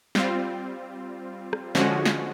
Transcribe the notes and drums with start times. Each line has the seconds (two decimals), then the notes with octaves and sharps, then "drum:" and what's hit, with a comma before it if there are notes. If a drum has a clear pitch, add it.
0.15 G3 C4 F4, drum: snare
1.53 drum: rim click
1.75 D3 F3 G#3 C#4 F#4, drum: snare
2.06 drum: snare